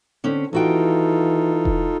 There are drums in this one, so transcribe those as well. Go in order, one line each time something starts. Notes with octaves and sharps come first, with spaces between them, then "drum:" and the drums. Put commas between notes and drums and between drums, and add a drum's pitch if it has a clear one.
D3 C4 C#4
D#2 E3 D#4 F4 F#4 A4 G5
drum: kick E1